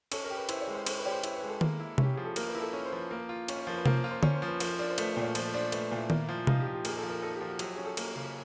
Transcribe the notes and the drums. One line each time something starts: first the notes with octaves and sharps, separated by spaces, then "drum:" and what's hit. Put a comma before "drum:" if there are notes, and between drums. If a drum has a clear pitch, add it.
C#4 A4, drum: cymbal
A#4
G4
B4
E4 C5, drum: cymbal
C#5
G#3
C5
C#4 C5, drum: cymbal
B4
G4 C#5
C5
E4 C5, drum: cymbal
B4
G#3
A4
A#3, drum: tom D#3
E4
C#4 G4, drum: tom C3
F3 G#4
A4
A#3 A#4, drum: cymbal
B4
E4 A#4
A4
C#4 A#4
C5
F3 B4
A#3
F4
C#4, drum: cymbal
F3 A#4
B4
A#3 C5, drum: tom C3
C5
F4
C5
C#4 C#5, drum: tom D3
C5
F3
B4
F3 A#4, drum: cymbal
D4 A#4
C5
A3 B4, drum: cymbal
A#2
C#5
F3 C5, drum: cymbal
D4 C5
A3 B4, drum: cymbal
A#2
E4
A#3, drum: tom D#3
F3
D#4 F4, drum: tom C3
G4
F3
G4
A#3 G#4, drum: cymbal
A4
F3
A#4
D#4 A4
G4
F3 F4
F#4
F#3 G4, drum: cymbal
G#4
C#4
A4
A#3, drum: cymbal
C#3